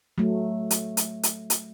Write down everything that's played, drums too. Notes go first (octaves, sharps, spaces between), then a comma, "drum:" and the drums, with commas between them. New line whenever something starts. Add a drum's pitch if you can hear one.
F#3 A3
drum: hi-hat
drum: hi-hat
drum: hi-hat
drum: hi-hat